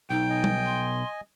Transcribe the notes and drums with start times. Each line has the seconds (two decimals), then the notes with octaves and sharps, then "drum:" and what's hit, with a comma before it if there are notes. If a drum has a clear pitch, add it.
0.10 B1 D#4 G5
0.30 D#5 G#5
0.44 drum: tom G3
0.66 C6